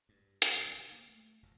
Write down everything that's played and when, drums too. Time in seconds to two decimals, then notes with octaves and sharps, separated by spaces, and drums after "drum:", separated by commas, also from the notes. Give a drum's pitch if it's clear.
0.09 G2
0.42 drum: hi-hat
0.54 F#1 B2 G3
0.92 A#3
1.09 A3
1.43 F1 E2 A#2